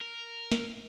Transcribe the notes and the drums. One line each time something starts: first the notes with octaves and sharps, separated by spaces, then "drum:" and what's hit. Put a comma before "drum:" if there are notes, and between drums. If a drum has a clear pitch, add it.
A#4
drum: snare